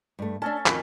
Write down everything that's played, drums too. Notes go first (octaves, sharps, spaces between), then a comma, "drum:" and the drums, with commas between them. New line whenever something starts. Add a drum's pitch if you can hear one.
G2 A3
C#4 D4 A4 E5 A5
F2 D#3 F#4 B5 C#6, drum: clap